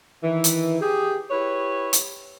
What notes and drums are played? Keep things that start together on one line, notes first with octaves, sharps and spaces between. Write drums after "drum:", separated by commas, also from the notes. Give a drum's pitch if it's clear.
D#3 E3
drum: hi-hat
G4 G#4
E4 G4 B4 C#5
drum: hi-hat